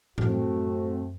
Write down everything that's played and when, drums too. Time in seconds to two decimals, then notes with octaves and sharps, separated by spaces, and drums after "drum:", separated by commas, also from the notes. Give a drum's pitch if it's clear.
0.18 F#2 A3 C4 F#4, drum: tom A2